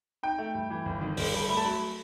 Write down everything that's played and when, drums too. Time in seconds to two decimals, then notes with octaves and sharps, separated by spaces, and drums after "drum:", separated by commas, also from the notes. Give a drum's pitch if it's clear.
0.23 D#4 G5
0.39 A3
0.55 G2
0.70 E3
0.85 G1
1.01 D#3
1.17 G1, drum: open hi-hat
1.34 G2
1.49 A3 B5
1.57 A5
1.65 F#3 B5